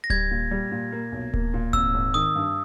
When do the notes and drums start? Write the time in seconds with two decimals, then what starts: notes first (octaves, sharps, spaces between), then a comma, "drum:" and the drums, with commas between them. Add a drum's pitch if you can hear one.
0.04 A#6
0.10 G3 G#6, drum: kick D1
0.31 A#2
0.51 G3
0.71 A#2
0.93 A#3
1.12 B1
1.34 A#3, drum: kick D1
1.54 A#2
1.73 G#1 E6, drum: kick D1
1.94 G#1
2.14 D#3 D#6
2.35 G2